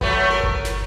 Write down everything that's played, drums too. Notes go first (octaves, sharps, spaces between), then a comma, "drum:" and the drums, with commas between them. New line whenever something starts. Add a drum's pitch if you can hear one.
F#3 A3 B3, drum: kick G1
A#4
drum: kick G1
drum: snare